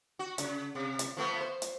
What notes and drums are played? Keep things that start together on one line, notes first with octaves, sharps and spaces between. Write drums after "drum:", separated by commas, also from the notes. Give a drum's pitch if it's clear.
F#4
C#3, drum: hi-hat
C3
drum: hi-hat
F3 A3 B3
C5
drum: hi-hat